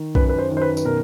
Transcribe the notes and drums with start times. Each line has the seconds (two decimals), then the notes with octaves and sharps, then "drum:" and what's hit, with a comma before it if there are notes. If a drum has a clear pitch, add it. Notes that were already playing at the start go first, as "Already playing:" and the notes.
Already playing: D#3
0.15 F#2 B4, drum: kick B1
0.29 B4
0.39 C5
0.51 D#3
0.57 C5
0.62 B4
0.77 B4, drum: tambourine
0.85 B2 A#4